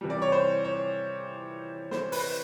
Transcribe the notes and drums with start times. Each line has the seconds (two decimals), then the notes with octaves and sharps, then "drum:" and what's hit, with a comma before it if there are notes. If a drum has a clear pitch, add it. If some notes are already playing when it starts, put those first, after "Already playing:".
0.01 C3 E3 G3
0.10 D5
0.22 C#5
0.32 C5
0.64 C#5
1.91 C5, drum: snare
2.12 B4, drum: open hi-hat